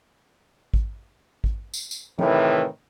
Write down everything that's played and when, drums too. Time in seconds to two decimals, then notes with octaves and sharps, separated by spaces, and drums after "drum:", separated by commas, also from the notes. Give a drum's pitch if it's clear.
0.74 drum: kick G#1
1.44 drum: kick G#1
1.74 drum: tambourine
1.91 drum: tambourine
2.19 A2 C3 D#3 E3, drum: tom